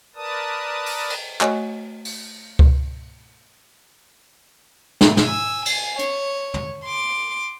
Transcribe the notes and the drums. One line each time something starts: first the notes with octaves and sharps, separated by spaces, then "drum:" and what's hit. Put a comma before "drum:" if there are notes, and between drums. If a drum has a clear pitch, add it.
A#4 B4 D5 A5 D#6
drum: open hi-hat
drum: cymbal
A3 F#4 C#5 D#5 G#5 C#6, drum: clap
drum: open hi-hat
drum: kick C#2
drum: snare
G#5 E6, drum: snare
G#5 C7, drum: cymbal
C#5, drum: hi-hat
drum: tom
C6 D6